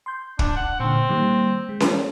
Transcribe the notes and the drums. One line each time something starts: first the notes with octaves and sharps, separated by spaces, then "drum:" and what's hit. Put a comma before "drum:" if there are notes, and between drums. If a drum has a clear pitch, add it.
C6 G6
D4, drum: kick
F#5
A#2 D3 C4
D#3 G3 A#3
G#3
drum: snare C#4